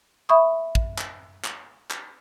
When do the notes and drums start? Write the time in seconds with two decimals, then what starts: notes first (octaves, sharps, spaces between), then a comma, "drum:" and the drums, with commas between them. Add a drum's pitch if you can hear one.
0.29 E5 B5 C#6 D#6
0.75 drum: kick
0.98 drum: clap
1.44 drum: clap
1.91 drum: clap